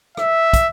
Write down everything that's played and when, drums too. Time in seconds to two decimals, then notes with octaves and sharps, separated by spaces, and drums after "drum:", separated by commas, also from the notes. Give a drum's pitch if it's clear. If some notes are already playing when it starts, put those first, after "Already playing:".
0.17 E5, drum: rim click
0.53 drum: kick, hi-hat